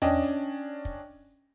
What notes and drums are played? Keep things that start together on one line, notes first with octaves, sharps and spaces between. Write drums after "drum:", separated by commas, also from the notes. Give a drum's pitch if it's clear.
C#4 D4 D#5 G5, drum: tom E2
drum: hi-hat
drum: kick